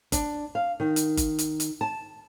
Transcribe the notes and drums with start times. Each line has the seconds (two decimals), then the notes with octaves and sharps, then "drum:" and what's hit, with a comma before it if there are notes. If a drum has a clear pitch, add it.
0.12 D4, drum: kick G1, hi-hat
0.55 F5
0.80 D#3
0.96 drum: hi-hat
1.17 drum: kick G1, hi-hat
1.39 drum: hi-hat
1.60 drum: hi-hat
1.81 A5